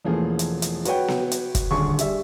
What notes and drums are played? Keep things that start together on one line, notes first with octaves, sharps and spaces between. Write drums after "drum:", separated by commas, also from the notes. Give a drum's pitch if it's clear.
E1 E3 F3 A3 A#3 G#4
drum: hi-hat
drum: hi-hat
F#4 B4 C#5 F#5 G5, drum: hi-hat
drum: snare B3
drum: hi-hat
drum: kick, hi-hat
D#1 D2 G#4 C#6
G3 E5, drum: hi-hat